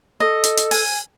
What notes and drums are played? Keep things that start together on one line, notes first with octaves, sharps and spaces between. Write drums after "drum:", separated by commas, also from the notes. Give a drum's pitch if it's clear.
A4 D#5
drum: hi-hat
drum: hi-hat
G#5, drum: open hi-hat